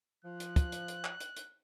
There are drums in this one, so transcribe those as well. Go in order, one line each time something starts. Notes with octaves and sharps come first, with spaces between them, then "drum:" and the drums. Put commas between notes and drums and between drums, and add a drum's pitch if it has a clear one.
F3 F#6
drum: hi-hat
drum: kick, hi-hat
drum: hi-hat
drum: hi-hat
drum: clap
drum: hi-hat
drum: hi-hat